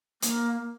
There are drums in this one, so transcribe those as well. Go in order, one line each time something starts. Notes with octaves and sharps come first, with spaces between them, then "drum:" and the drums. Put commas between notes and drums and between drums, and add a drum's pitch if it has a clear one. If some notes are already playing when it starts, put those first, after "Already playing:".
A#3, drum: hi-hat